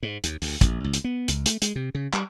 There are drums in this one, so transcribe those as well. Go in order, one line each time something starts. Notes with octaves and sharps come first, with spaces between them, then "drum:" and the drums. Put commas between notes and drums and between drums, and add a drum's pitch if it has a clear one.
G#2
D#2, drum: hi-hat
D2, drum: open hi-hat
A#1, drum: kick, hi-hat
C#2
drum: hi-hat
B3
C#2, drum: hi-hat
A3, drum: hi-hat
G#3, drum: hi-hat
C3
C#3
G3, drum: clap